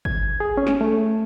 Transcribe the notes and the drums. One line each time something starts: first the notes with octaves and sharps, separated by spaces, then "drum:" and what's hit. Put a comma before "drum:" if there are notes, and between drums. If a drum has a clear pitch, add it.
G#6, drum: kick
G#4
C#4
drum: snare
A3